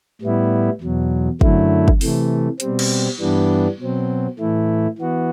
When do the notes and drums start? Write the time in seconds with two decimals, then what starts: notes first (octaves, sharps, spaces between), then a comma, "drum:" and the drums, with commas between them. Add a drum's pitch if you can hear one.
0.21 A2 G3 B3 E4
0.81 E2 B2 F#3
1.41 F#2 D3 F#3 A3 E4, drum: kick
1.88 drum: kick
2.01 C3 E3 A3, drum: open hi-hat
2.60 B2 G3 C4, drum: hi-hat
2.79 drum: cymbal
3.20 G2 E3 G3 B3 D4
3.79 B2 F#3 C4
4.39 A2 E3 A3 E4
4.99 E3 B3 F#4